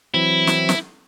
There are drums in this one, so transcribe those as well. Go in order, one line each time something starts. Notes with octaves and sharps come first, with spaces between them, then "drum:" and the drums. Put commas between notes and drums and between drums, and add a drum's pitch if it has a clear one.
E3 F#3 C4 E4
drum: snare
drum: snare